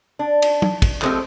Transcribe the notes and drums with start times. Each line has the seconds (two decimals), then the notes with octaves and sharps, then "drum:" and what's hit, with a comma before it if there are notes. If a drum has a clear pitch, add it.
0.19 D4
0.42 drum: cymbal
0.62 drum: tom
0.82 drum: kick, cymbal
1.02 F3 G#3 A3 C4 G4, drum: clap